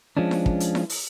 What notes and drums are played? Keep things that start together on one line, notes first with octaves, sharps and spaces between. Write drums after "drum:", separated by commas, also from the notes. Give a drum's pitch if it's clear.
F3 G#3 C#4 D4
drum: snare E4
drum: kick
drum: hi-hat
drum: snare E4
drum: open hi-hat